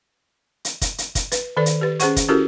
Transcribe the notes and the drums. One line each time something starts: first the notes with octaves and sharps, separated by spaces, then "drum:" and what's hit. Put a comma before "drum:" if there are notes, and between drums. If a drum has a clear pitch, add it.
drum: hi-hat
drum: kick, hi-hat
drum: hi-hat
drum: kick, hi-hat
B4, drum: hi-hat
D#3 A4 B4 D5
drum: hi-hat
G4 B4
C#4 G#4 C5 F#5 C#6, drum: hi-hat
drum: kick, hi-hat
C#4 E4 F#4 G4 A4 A#4